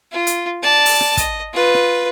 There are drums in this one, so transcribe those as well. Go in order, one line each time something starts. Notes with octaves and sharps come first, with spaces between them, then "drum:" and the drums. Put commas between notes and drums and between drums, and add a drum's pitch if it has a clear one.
F4
drum: hi-hat
D5 A5
drum: open hi-hat
drum: rim click
D#5, drum: kick, hi-hat
F4 B4
drum: rim click